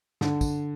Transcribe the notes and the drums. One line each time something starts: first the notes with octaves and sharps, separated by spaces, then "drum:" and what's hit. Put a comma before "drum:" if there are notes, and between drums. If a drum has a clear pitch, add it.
D3, drum: snare
drum: kick, tambourine